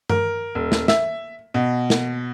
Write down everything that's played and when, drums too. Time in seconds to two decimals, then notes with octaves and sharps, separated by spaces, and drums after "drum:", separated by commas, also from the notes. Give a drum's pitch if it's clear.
0.09 A#4, drum: tom G2
0.55 D#1
0.72 drum: snare
0.88 E5, drum: snare
1.54 B2
1.90 drum: snare